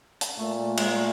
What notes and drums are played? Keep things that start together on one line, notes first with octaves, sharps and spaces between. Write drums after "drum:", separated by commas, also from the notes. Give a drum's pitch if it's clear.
drum: hi-hat
A#2 A3
A3
G#3, drum: cymbal
G#3
A3